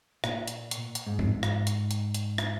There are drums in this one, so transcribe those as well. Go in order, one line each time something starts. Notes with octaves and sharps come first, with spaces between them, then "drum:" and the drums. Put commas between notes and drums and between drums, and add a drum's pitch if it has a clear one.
A#2, drum: rim click
drum: hi-hat
drum: hi-hat
drum: hi-hat
G#2
drum: tom G2
drum: rim click
drum: hi-hat
drum: hi-hat
drum: hi-hat
drum: rim click